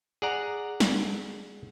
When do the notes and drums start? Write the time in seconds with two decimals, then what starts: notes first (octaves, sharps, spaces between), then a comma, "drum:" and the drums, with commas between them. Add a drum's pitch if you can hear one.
0.22 G#4 D5 F#5 A#5
0.80 drum: snare